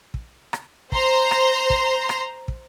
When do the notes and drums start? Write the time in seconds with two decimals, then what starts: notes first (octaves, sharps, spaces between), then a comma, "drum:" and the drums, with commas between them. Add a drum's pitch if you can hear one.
0.14 drum: kick
0.53 drum: rim click
0.92 C5 A#5 C6, drum: kick
1.31 drum: rim click
1.70 drum: kick
2.09 drum: rim click
2.48 drum: kick